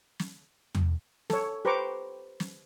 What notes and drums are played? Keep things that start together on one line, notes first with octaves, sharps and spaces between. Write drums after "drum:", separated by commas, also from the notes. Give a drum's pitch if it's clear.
drum: snare
drum: tom E2
A4 C#5, drum: snare
G4 B4 C5 A#5 C#6 D6
drum: snare